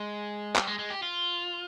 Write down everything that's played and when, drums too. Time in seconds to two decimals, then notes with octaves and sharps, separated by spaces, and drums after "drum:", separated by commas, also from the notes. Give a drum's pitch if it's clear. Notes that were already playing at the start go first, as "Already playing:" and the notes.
Already playing: G#3
0.56 G3, drum: clap
0.67 G#3
0.79 G#3
0.90 G4
1.03 F4